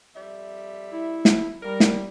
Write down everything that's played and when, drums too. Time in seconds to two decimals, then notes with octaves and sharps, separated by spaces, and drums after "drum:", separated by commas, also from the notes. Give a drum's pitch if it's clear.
0.14 F2 G3 E5
0.92 E4
1.25 drum: snare
1.62 G3 A#4
1.80 drum: snare